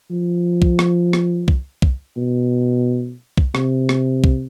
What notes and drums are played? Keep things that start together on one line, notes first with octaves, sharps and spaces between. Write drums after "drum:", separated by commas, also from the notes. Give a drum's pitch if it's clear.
F3
drum: kick
drum: rim click
drum: rim click
drum: kick
drum: kick
B2
drum: kick
C3, drum: rim click
drum: rim click
drum: kick